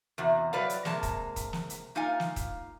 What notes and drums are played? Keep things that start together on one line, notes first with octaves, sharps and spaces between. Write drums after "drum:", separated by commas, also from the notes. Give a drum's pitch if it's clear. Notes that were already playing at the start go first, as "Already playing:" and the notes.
E2 C3 F#4
F#3 G3 B4 D5 F5
drum: hi-hat
C3 G#3 A#3 A5, drum: snare
drum: kick, hi-hat
drum: kick, hi-hat
drum: snare
drum: hi-hat
A#3 D#4 F4 F5 G#5
drum: snare
drum: kick, hi-hat